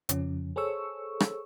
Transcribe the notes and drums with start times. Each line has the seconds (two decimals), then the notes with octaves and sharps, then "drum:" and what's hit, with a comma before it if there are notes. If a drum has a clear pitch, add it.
0.09 F2 C#3 F3 C#4, drum: hi-hat
0.56 G#4 A4 C5 C#5 C#6 E6
1.20 drum: rim click